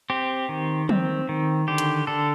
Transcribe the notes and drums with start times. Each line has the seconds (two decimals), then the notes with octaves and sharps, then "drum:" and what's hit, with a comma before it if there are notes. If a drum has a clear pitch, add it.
0.10 C4 G4
0.49 D#3
0.89 C4, drum: tom
1.29 D#3
1.68 D3 G4
1.78 drum: hi-hat
2.07 D3 A4